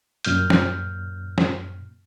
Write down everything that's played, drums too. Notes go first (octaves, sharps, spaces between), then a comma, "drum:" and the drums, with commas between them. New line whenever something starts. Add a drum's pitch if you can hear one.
F#2 A#2 F6 G6, drum: hi-hat
drum: snare
drum: snare